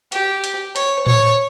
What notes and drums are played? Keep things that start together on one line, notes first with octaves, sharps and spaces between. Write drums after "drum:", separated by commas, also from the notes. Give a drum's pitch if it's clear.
G4, drum: hi-hat
drum: hi-hat
C#5, drum: hi-hat
C#5, drum: tom A2